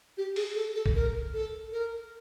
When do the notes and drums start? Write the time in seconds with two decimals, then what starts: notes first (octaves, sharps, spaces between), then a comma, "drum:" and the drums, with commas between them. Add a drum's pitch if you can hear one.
0.17 G4
0.36 G#4, drum: open hi-hat
0.55 A4
0.75 A4
0.86 drum: kick A#1
0.95 A#4
1.33 A4
1.72 A#4